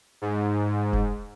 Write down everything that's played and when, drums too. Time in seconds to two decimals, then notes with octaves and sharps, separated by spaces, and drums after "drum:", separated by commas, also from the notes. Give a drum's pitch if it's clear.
0.22 G#2
0.93 drum: kick